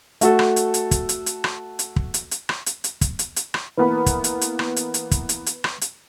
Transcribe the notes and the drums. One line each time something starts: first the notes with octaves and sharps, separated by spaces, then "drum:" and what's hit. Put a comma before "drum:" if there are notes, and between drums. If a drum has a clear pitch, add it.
A3 F#4 A4, drum: hi-hat
drum: rim click
drum: hi-hat
drum: hi-hat
drum: kick, hi-hat
drum: hi-hat
drum: hi-hat
drum: rim click
drum: hi-hat
drum: kick
drum: hi-hat
drum: hi-hat
drum: rim click
drum: hi-hat
drum: hi-hat
drum: kick, hi-hat
drum: hi-hat
drum: hi-hat
drum: rim click
E3 A#3 B3 B4 B5
drum: kick, hi-hat
drum: hi-hat
drum: hi-hat
drum: rim click
drum: hi-hat
drum: hi-hat
drum: kick, hi-hat
drum: hi-hat
drum: hi-hat
drum: rim click
drum: hi-hat